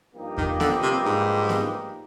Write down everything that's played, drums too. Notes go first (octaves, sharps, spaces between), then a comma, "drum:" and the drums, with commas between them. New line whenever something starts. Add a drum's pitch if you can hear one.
G2 F3 A#3 D#4 G4
D#3, drum: kick E2
D3, drum: snare B3
C3
G#2
drum: snare B3